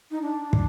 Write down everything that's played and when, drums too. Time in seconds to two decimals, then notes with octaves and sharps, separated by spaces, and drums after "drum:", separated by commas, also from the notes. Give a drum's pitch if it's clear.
0.11 D#4
0.22 D4
0.53 drum: kick